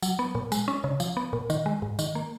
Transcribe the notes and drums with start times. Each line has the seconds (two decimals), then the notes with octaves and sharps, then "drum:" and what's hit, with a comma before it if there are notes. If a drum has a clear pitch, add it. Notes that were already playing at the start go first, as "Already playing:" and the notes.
0.02 F#3, drum: tambourine
0.19 B3
0.35 A#2
0.52 G#3, drum: tambourine
0.68 C#4
0.84 C#3
1.00 F3, drum: tambourine
1.17 B3
1.33 A#2
1.50 D#3, drum: tambourine
1.66 G#3
1.82 G#2
1.99 D#3, drum: tambourine
2.15 A#3